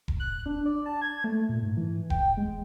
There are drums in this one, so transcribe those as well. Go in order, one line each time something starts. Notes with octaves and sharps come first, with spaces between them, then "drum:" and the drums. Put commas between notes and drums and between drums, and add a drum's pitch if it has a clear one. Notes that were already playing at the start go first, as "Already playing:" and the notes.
drum: kick E1
F#6
D4
D5
A5
G#6
A3
A#2
G#2
E3
G5, drum: kick E1
G#3